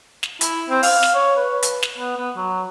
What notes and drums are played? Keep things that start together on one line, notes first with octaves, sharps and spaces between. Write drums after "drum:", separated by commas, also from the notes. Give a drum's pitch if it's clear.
drum: snare
E4, drum: hi-hat
C4
F5, drum: open hi-hat
drum: snare
C#5
B4
drum: hi-hat
drum: snare
B3
B3
F#3